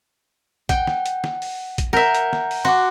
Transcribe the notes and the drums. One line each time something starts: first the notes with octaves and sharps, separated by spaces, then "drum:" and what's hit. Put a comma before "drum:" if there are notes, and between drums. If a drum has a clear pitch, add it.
F#5 G5, drum: kick, hi-hat
drum: snare
drum: hi-hat
drum: snare
drum: open hi-hat
drum: kick, hi-hat
A#4 E5 F#5 G6
drum: hi-hat
drum: snare
drum: open hi-hat
F#4 C6 D6